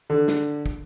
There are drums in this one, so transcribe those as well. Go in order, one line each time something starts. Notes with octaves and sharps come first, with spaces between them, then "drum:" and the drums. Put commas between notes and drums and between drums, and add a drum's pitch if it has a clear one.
D3
drum: snare
drum: kick